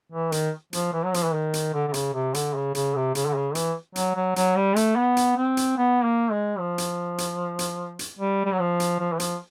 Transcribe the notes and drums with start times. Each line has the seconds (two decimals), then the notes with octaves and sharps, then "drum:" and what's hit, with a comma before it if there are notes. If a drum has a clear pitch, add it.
0.12 E3
0.32 D#3, drum: hi-hat
0.73 F3, drum: hi-hat
0.93 E3
1.05 F#3
1.14 F3, drum: hi-hat
1.24 E3
1.34 D#3
1.53 drum: hi-hat
1.74 D3
1.87 D3
1.94 C#3, drum: hi-hat
2.14 C3
2.34 D3, drum: hi-hat
2.54 C#3
2.75 C#3, drum: hi-hat
2.95 C3
3.15 C#3, drum: hi-hat
3.27 D3
3.35 C#3
3.55 E3, drum: hi-hat
3.96 F#3, drum: hi-hat
4.16 F#3
4.36 F#3, drum: hi-hat
4.56 G3
4.76 A3, drum: hi-hat
4.96 B3
5.17 drum: hi-hat
5.37 C4
5.57 drum: hi-hat
5.77 B3
6.04 A#3
6.31 G#3
6.58 F3
6.78 drum: hi-hat
7.18 drum: hi-hat
7.59 drum: hi-hat
7.99 drum: hi-hat
8.19 G3
8.45 G3
8.52 F#3
8.59 F3
8.80 drum: hi-hat
9.00 F3
9.13 E3
9.20 F3, drum: hi-hat